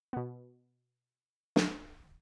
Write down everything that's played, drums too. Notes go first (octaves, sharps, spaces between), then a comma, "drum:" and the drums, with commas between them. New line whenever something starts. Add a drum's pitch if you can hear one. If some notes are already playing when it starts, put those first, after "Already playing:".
B2 B3
drum: snare